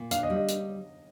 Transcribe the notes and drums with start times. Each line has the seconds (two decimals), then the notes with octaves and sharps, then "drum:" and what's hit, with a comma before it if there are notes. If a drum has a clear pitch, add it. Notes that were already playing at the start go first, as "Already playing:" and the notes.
Already playing: A#2
0.11 D4 F5, drum: hi-hat
0.23 D#5
0.30 G3
0.36 D#5
0.48 drum: hi-hat